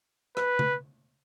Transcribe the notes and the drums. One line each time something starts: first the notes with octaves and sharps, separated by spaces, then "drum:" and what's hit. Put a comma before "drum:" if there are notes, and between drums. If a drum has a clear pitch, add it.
B4, drum: rim click
drum: tom C#3